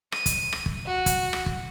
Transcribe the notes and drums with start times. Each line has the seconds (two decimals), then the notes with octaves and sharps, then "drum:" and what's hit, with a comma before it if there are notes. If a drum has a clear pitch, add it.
0.12 D#7, drum: rim click
0.26 drum: kick, hi-hat
0.53 drum: rim click
0.66 drum: kick
0.86 F#4
1.06 drum: kick, hi-hat
1.33 drum: rim click
1.46 drum: kick